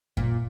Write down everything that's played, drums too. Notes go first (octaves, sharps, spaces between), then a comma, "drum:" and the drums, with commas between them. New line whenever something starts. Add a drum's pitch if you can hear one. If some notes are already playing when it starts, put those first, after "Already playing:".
A#2, drum: kick F#2